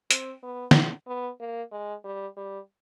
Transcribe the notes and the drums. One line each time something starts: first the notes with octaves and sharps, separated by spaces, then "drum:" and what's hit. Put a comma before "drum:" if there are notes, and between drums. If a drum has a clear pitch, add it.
C4, drum: hi-hat
B3
drum: snare
B3
A#3
G#3
G3
G3